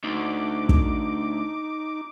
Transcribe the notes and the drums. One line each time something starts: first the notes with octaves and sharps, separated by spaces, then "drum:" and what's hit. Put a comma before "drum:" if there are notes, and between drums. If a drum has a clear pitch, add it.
D2 D#4 D6
drum: kick